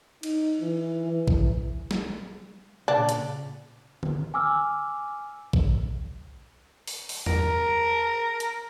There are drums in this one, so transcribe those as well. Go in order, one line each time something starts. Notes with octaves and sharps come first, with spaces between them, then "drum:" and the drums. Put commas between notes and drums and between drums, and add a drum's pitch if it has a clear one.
D#4, drum: cymbal
E3
E3
drum: kick A1
drum: snare
A#2 C#3 D4
drum: hi-hat
drum: tom D3
G#5 D6 E6 F6
drum: kick A1
drum: open hi-hat
drum: open hi-hat
A#4, drum: tom E2
drum: hi-hat